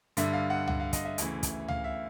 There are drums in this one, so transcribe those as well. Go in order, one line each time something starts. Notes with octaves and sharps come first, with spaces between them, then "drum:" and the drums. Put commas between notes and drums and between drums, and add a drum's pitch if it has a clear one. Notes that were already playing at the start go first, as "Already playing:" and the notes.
G2 D3 E5, drum: hi-hat
F5
F#5
F#5, drum: tom C#2
F5
D#5, drum: kick, hi-hat
E5
D2 C#3 E3, drum: hi-hat
drum: kick, hi-hat
F5, drum: tom C#2
E5